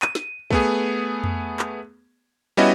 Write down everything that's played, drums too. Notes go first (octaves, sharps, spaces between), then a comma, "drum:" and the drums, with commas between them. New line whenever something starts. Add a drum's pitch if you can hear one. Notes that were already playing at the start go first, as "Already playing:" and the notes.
D#7, drum: clap
drum: snare
A3 B3 G#4, drum: kick
drum: tom F2
drum: clap
G3 B3 C#4 E4 F#4 D#5